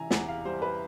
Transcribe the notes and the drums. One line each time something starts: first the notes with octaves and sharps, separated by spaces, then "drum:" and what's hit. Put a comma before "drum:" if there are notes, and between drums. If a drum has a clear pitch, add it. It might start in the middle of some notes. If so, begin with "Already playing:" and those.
Already playing: C3 E3 G#5 A#5
E2 F#5, drum: snare
F5
G3 C5
B4